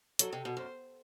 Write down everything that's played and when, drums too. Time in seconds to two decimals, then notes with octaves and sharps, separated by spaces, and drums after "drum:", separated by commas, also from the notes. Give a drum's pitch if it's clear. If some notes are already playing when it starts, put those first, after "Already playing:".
0.19 F#3 A4, drum: hi-hat
0.33 C3
0.45 B2
0.57 F#2 C5